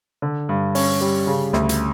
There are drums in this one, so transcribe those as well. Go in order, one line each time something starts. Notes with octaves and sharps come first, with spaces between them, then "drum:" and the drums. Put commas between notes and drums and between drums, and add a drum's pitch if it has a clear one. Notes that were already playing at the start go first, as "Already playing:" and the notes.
D3
G2
C#4, drum: open hi-hat
G3
C#3
D2, drum: snare
drum: hi-hat